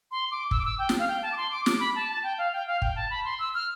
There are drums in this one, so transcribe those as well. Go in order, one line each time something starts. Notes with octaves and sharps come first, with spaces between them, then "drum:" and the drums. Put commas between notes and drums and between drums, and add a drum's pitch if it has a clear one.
C6
D6
E6, drum: kick
D6
E6
G5
drum: snare
F5
G5
A5
D6
C6
D6
D6, drum: snare
B5
A5
A5
G5
F5
G5
F5
G5, drum: kick
A5
B5
C6
E6
F6